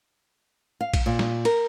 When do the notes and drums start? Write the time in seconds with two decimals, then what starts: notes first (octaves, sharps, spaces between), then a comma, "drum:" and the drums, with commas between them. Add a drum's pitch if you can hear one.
0.81 F5
0.94 drum: kick A#1, cymbal
1.06 A#2
1.19 drum: snare
1.45 A#4, drum: cymbal